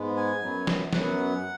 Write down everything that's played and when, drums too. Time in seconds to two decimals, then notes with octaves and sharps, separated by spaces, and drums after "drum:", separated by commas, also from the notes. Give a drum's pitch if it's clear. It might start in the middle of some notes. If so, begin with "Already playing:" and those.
Already playing: G#2 G#3 B3
0.16 G#5
0.42 F#2 F#3 B3
0.67 drum: snare
0.93 F#2 F#3 B3 F#5, drum: snare